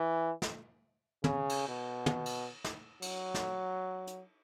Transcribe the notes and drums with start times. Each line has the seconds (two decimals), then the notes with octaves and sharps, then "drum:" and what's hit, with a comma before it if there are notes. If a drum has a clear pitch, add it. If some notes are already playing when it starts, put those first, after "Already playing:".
Already playing: E3
0.42 drum: snare
1.24 C#3, drum: tom
1.49 drum: cymbal
1.68 B2
2.06 drum: tom
2.26 drum: cymbal
2.64 drum: snare
3.02 F#3, drum: cymbal
3.34 drum: snare
4.07 drum: hi-hat